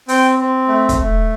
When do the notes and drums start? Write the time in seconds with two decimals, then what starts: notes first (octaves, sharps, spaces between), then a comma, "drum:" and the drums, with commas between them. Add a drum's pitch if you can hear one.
0.08 C4 G5, drum: open hi-hat
0.39 C4
0.68 A3
0.89 drum: kick, hi-hat
0.99 A3